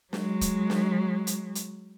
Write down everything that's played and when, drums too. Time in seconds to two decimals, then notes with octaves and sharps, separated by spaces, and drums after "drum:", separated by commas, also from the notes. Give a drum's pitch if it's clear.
0.13 F#3 G#3, drum: snare
0.41 drum: kick, hi-hat
0.70 drum: snare
1.27 drum: hi-hat
1.55 drum: hi-hat